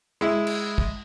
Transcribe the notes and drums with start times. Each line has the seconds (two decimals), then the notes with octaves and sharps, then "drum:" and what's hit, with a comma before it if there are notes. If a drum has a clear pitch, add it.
0.21 G#3 E4
0.47 drum: cymbal
0.78 drum: kick